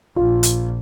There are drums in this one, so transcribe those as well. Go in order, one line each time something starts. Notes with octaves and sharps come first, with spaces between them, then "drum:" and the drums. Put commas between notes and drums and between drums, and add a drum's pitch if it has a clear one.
A#1 F4
drum: hi-hat